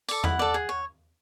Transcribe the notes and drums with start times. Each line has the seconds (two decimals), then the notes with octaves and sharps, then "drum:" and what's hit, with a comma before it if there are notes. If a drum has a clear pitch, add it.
0.08 A4 D5, drum: tambourine
0.24 E4 F#5, drum: tom E2
0.39 A4 D5
0.54 G#4
0.69 C#5